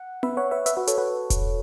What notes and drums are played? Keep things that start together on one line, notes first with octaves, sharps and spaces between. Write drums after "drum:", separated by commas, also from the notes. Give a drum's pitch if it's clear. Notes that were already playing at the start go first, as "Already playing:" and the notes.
Already playing: F#5
B4 E5, drum: tom B3
C#5 F#5
B4 E5
B4 E5, drum: hi-hat
F#4 B4
A4 C#5, drum: hi-hat
F#4 B4
drum: kick E1, hi-hat